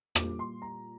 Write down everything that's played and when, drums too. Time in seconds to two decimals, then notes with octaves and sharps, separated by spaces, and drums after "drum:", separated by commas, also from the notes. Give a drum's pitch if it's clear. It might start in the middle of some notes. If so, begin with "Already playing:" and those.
0.15 A#2 G3 D6, drum: rim click
0.39 C6
0.62 A#5